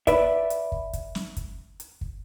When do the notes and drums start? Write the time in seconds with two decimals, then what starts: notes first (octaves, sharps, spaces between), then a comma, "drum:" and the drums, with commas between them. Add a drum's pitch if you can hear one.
0.07 B4 D5 E5, drum: kick, hi-hat
0.50 drum: hi-hat
0.72 drum: kick
0.93 drum: kick, hi-hat
1.15 drum: snare
1.37 drum: kick, hi-hat
1.80 drum: hi-hat
2.01 drum: kick